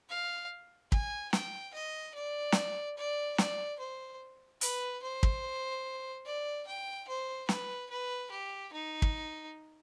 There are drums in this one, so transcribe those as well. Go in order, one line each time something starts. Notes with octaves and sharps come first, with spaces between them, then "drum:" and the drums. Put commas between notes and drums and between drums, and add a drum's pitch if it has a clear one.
F5
G#5, drum: kick
G5, drum: snare
D#5
D5
drum: snare
D5
D5, drum: snare
C5
B4, drum: hi-hat
C5
drum: kick
D5
G5
C5
B4, drum: snare
B4
G4
D#4
drum: kick